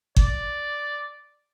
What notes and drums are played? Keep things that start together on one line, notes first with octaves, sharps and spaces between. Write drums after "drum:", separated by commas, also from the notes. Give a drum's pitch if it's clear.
D5, drum: kick G1